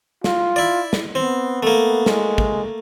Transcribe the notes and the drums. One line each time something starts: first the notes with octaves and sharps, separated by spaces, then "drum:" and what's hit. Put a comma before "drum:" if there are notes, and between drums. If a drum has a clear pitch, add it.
F4, drum: snare
E4 D5
drum: snare
B3 C4
A3 A#3
G#3, drum: snare
drum: kick